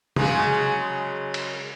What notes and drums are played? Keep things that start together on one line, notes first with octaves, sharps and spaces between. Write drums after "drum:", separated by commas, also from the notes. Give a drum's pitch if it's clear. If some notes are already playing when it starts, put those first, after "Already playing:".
C#3 F#3 G#3, drum: tom
drum: cymbal